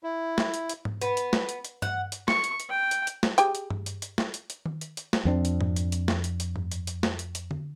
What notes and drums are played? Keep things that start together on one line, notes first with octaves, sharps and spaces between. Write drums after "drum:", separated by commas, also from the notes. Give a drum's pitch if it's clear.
E4
drum: snare
drum: hi-hat
drum: hi-hat
drum: tom G#2
B3, drum: hi-hat
drum: hi-hat
drum: snare
drum: hi-hat
drum: hi-hat
F#5, drum: tom G2
drum: hi-hat
C#6, drum: snare
drum: hi-hat
drum: hi-hat
G5
drum: hi-hat
drum: hi-hat
drum: snare
G4 G#4 G5, drum: hi-hat
drum: hi-hat
drum: tom G2
drum: hi-hat
drum: hi-hat
drum: snare
drum: hi-hat
drum: hi-hat
drum: tom D#3
drum: hi-hat
drum: hi-hat
drum: snare
F2 C4 D4
drum: hi-hat
drum: tom G#2
drum: hi-hat
drum: hi-hat
drum: snare
drum: hi-hat
drum: hi-hat
drum: tom G2
drum: hi-hat
drum: hi-hat
drum: snare
drum: hi-hat
drum: hi-hat
drum: tom D3